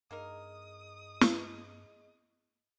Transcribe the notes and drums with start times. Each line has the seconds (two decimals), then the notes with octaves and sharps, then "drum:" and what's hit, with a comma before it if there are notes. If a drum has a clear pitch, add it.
0.11 G2 A#3 D#4 G#4 A#4 D#5 D#6
1.21 drum: snare